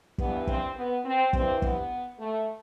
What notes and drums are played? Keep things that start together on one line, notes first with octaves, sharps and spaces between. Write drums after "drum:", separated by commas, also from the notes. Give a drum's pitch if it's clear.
G2 E3 B3, drum: kick
C4, drum: kick
B3
C4
G2 E3 C4, drum: kick
B3, drum: kick
A3